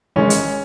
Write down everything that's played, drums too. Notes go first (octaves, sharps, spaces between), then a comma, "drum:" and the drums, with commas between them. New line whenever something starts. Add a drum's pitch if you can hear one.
A1 G#2 D#3 G#3 C#4
drum: hi-hat